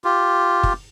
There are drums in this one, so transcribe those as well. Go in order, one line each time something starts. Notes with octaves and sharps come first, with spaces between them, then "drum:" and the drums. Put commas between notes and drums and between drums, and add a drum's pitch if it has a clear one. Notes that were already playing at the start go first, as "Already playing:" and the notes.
F4 G4
drum: kick